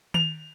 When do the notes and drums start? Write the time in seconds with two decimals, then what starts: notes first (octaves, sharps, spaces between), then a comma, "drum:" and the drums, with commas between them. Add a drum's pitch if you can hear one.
0.14 F7, drum: tom D#3